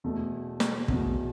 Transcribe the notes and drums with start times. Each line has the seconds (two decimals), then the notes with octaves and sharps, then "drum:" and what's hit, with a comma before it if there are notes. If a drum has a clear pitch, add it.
0.04 E2 B2 A3
0.60 drum: snare
0.88 E2 B2 A3, drum: kick